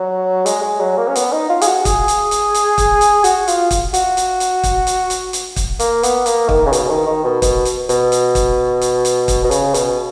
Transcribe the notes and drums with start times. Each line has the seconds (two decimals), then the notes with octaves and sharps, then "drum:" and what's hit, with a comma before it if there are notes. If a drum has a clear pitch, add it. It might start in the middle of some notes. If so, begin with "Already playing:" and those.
Already playing: F#3
0.46 G#3, drum: hi-hat
0.63 G#3
0.80 F#3
0.98 A#3
1.08 C#4
1.16 B3, drum: hi-hat
1.32 D#4
1.50 F4
1.61 G#4, drum: hi-hat
1.67 F#4
1.85 G#4, drum: kick, hi-hat
2.08 drum: hi-hat
2.31 drum: hi-hat
2.54 drum: hi-hat
2.78 drum: kick, hi-hat
3.01 drum: hi-hat
3.24 F#4, drum: hi-hat
3.48 F4, drum: hi-hat
3.71 drum: kick, hi-hat
3.94 F#4, drum: hi-hat
4.17 drum: hi-hat
4.40 drum: hi-hat
4.63 drum: kick, hi-hat
4.87 drum: hi-hat
5.10 drum: hi-hat
5.33 drum: hi-hat
5.56 drum: kick, hi-hat
5.79 A#3, drum: hi-hat
6.03 B3, drum: hi-hat
6.26 A#3, drum: hi-hat
6.49 D#3, drum: kick
6.66 C#3
6.73 B2, drum: hi-hat
6.90 D#3
7.07 D#3
7.24 B2
7.42 B2, drum: kick, hi-hat
7.65 drum: hi-hat
7.89 B2, drum: hi-hat
8.12 drum: hi-hat
8.35 drum: kick, hi-hat
8.81 drum: hi-hat
9.05 drum: hi-hat
9.28 drum: kick, hi-hat
9.44 B2
9.51 C#3, drum: hi-hat
9.74 B2, drum: hi-hat